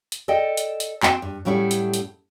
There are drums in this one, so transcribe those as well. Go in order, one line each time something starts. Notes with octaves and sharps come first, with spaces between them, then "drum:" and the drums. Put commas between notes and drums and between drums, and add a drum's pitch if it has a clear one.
drum: hi-hat
A4 D5 D#5 G5
drum: hi-hat
drum: hi-hat
C4 F#4 G5, drum: clap
G2
A2 F#3 G3 C#4 E4 A4
drum: hi-hat
drum: hi-hat